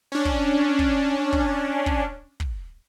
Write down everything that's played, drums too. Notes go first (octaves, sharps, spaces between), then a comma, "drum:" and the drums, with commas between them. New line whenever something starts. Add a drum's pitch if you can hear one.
C#4 D4
drum: kick
drum: kick
drum: kick
drum: kick
drum: kick